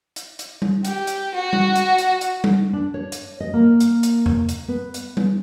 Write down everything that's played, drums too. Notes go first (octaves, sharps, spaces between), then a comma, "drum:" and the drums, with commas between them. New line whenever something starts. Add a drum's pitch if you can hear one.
drum: hi-hat
drum: hi-hat
drum: tom G3
G4, drum: hi-hat
drum: hi-hat
F#4
drum: tom G3
drum: hi-hat
drum: hi-hat
drum: hi-hat
drum: tom G3
D4
C#5
drum: hi-hat
D#5
A#3
drum: hi-hat
drum: hi-hat
drum: tom E2
drum: hi-hat
B3
drum: hi-hat
drum: tom G3